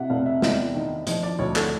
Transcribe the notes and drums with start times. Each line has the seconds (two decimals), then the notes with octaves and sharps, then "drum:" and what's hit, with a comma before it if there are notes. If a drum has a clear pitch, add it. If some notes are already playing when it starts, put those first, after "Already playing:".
Already playing: C3 E5 F#5
0.10 F1 F5
0.26 E5
0.42 E2 D#5, drum: snare
0.75 D#3
1.07 F3 D#5, drum: hi-hat
1.23 D5
1.39 D2 C#5
1.56 A4, drum: clap